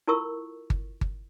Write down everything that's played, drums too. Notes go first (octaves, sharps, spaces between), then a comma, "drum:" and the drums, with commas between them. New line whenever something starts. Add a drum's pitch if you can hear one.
E4 F4 A4 A#4 C#6 E6
drum: kick G1
drum: kick G1